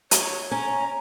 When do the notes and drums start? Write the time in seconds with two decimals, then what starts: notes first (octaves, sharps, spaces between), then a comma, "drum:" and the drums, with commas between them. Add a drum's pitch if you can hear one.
0.11 C#5, drum: hi-hat
0.51 C#4 A#5